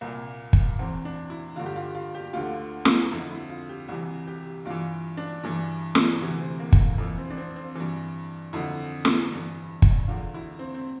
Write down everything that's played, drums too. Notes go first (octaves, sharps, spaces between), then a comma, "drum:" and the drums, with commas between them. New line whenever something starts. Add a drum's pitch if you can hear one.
C2 A#2 A#3
drum: kick
E2 E3 C4
D4
E4
G2 D3 F4
G4
F4
F4
G4
D2 D3 F4
drum: snare
F2 D3 E4
E4
F4
G4
C2 C3 E3 E4
G4
G2 E3 F4
D4
G2 E3
drum: snare
D2 C3 E3 E4
C4
A#3
drum: kick
F2 E3 A#3
C4
D4
C4
C4
G2 E3
F2 D3 E4
drum: snare
G2 E3
drum: kick
E2 D3 F4
E4
C4
C4